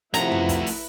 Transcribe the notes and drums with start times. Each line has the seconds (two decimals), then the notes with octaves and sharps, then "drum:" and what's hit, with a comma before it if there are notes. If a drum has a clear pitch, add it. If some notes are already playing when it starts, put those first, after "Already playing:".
0.14 C3 F3 A3 E4 F#4 B4 A#5, drum: hi-hat
0.31 drum: tom
0.49 drum: kick, hi-hat
0.66 drum: open hi-hat